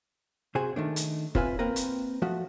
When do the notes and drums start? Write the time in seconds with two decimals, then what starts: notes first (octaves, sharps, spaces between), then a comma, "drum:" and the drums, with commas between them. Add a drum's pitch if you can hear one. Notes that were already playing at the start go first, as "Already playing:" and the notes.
0.55 C3 F#4 G#4 C5 G#5
0.76 D#3 A3 D4
0.96 drum: hi-hat
1.35 C4 F4 B4 E5 G#5, drum: kick F1
1.59 A#3 C4 A#4 B4 A#5
1.76 drum: hi-hat
2.22 F3 A3 F#4